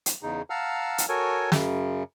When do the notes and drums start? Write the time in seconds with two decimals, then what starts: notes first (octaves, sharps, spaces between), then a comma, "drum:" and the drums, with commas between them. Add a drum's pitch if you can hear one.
0.06 drum: hi-hat
0.23 E2 C#3 D#4
0.50 F5 F#5 A5 A#5 E6 F6
0.98 drum: hi-hat
1.09 F#4 A4 A#4 C#5 G#5
1.52 F#2 C#3, drum: snare